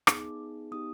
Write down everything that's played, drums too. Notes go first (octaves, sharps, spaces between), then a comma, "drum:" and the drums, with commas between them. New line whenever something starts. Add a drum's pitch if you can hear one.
B3 D#4 G#4 D6, drum: rim click
B3 D#4 G4 D#6